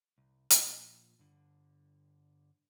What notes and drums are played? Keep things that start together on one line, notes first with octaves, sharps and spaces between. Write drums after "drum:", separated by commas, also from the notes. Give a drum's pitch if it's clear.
C2
A#2 F3, drum: hi-hat
G2 D3